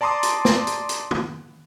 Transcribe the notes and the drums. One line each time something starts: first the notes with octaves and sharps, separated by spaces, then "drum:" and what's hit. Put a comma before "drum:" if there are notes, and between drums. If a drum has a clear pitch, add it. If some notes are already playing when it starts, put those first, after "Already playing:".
D5 A5 A#5 C6 D6 D#6
drum: hi-hat
drum: snare
drum: hi-hat
drum: hi-hat
drum: tom